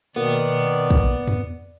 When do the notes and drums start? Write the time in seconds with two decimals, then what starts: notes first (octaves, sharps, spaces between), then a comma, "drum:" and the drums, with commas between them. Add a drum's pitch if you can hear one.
0.16 B2 D#3 A#3 B3 D5
0.90 drum: kick
1.28 drum: tom E2